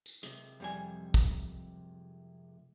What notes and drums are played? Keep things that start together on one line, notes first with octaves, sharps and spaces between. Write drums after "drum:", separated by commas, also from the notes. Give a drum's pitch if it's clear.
drum: tambourine
C3 G#3, drum: hi-hat
F2 G3 G#5
drum: kick